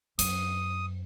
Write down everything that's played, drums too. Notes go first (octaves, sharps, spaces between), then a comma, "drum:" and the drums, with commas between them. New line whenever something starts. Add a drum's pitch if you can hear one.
F#2 D#6, drum: hi-hat